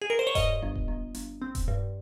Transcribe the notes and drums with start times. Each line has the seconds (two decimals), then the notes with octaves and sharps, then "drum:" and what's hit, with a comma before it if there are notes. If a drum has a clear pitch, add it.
0.02 G#4
0.10 A#4
0.19 C5
0.27 C#5
0.35 G2 D#5, drum: kick D#1, hi-hat
0.62 G1
0.75 drum: kick D#1
0.88 G1
1.15 G1, drum: hi-hat
1.42 C4
1.55 drum: kick D#1, hi-hat
1.68 G2